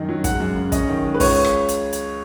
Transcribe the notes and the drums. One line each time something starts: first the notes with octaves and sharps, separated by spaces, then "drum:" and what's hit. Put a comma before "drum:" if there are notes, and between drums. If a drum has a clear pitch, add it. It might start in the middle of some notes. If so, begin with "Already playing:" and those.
Already playing: F#2 D#3 D#4
F#3
G#3 F#5, drum: kick, hi-hat
F#2
C#3
C#4 D#5, drum: kick, hi-hat
D#3
G#3
B4
C#2 C#5, drum: kick, open hi-hat
drum: rim click
drum: hi-hat
drum: hi-hat